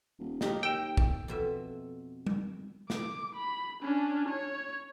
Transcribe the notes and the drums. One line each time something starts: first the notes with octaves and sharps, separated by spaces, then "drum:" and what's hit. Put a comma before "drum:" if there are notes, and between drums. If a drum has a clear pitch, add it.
D#1
D#2 D#4 G4 A#4, drum: snare
G5 E6 E7
drum: kick
F2 B2 E5
drum: tom G3
D6, drum: snare
B5
C#4 D4
C#5